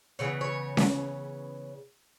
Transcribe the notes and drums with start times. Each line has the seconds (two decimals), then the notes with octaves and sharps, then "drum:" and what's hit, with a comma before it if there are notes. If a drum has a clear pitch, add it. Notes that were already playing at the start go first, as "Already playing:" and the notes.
0.19 C#3 E3 B3 C#5
0.41 C#5
0.77 drum: snare C#4